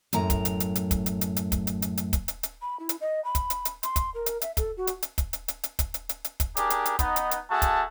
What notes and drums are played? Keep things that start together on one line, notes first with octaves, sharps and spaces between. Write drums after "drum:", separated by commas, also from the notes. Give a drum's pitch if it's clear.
F#2 A2 A#5, drum: hi-hat
drum: kick, hi-hat
drum: hi-hat
drum: hi-hat
drum: hi-hat
drum: kick, hi-hat
drum: hi-hat
drum: hi-hat
drum: hi-hat
drum: kick, hi-hat
drum: hi-hat
drum: hi-hat
drum: hi-hat
drum: kick, hi-hat
drum: hi-hat
drum: hi-hat
B5
E4
drum: hi-hat
D#5
B5
drum: kick, hi-hat
drum: hi-hat
drum: hi-hat
C6, drum: hi-hat
drum: kick, hi-hat
A#4
drum: hi-hat
E5, drum: hi-hat
A4, drum: kick, hi-hat
F#4
drum: hi-hat
drum: hi-hat
drum: kick, hi-hat
drum: hi-hat
drum: hi-hat
drum: hi-hat
drum: kick, hi-hat
drum: hi-hat
drum: hi-hat
drum: hi-hat
drum: kick, hi-hat
D4 G4 G#4 A#4, drum: hi-hat
drum: hi-hat
drum: hi-hat
B3 D#4, drum: kick, hi-hat
drum: hi-hat
drum: hi-hat
A3 F#4 G#4 A5
drum: kick, hi-hat